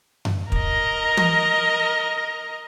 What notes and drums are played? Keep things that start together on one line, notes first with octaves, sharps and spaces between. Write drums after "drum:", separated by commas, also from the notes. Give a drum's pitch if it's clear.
drum: tom F#2
A#4 D#5, drum: kick
drum: tom